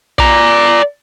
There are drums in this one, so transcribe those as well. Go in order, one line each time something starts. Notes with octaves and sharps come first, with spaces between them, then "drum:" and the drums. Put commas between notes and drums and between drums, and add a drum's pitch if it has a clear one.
D5 A#5, drum: kick A#1